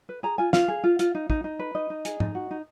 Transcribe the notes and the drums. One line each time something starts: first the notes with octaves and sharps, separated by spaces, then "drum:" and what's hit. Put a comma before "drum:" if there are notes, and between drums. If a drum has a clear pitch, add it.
B4
G#4 A#5
F4 G#5
F4 F5, drum: snare
G#4
F4
F4, drum: hi-hat
D#4
D#4, drum: kick
D#4
B4
D#4 D#5
D#4
G#4, drum: hi-hat
D#4, drum: tom
F#4
D#4